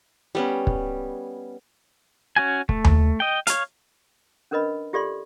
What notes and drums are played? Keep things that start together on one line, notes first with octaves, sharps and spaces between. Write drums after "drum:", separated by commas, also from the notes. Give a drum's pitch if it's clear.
G3 B3 C#4
drum: kick
C#4 F#4 G#5
A3, drum: kick
drum: tom D#2
D#5 G5
C#5 F5, drum: hi-hat
C#4 D4 A#4 B4 D#5 B5
F4 G4 A4 D5 E5 C6